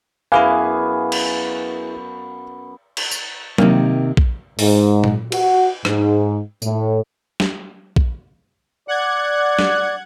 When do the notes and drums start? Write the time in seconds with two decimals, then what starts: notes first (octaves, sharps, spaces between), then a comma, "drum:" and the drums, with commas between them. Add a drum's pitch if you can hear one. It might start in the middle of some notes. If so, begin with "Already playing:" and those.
0.32 F#2 B3 E4 G#4 B4 F5 G#5 D6
1.12 drum: cymbal
2.97 drum: cymbal
3.11 drum: tambourine
3.58 C3 D#3 A#3, drum: tom F#3
4.17 drum: kick A#1
4.59 G#2, drum: open hi-hat
5.04 drum: tom A#2
5.32 F#4, drum: cymbal
5.85 G#2, drum: rim click
6.62 A2, drum: tambourine
7.40 drum: snare
7.96 drum: kick A#1
8.88 D5 F#5 F#6 G#6
9.59 drum: snare